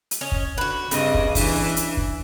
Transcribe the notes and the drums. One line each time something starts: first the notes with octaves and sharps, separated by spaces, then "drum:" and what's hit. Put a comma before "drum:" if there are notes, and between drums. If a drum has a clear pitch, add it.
drum: hi-hat
C#4 C#5 D#5
drum: kick
D3 F#4 B4
G2 C#3 C4 D#5, drum: hi-hat
drum: kick
E3 D4 E4, drum: kick, open hi-hat
drum: hi-hat
drum: kick